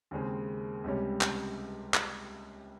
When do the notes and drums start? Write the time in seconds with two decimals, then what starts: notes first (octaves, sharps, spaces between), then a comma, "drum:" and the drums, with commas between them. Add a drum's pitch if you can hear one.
0.11 D#2 C#3 G#3 C4
0.84 C#2 C3 G3 C#4
1.21 drum: clap
1.94 drum: clap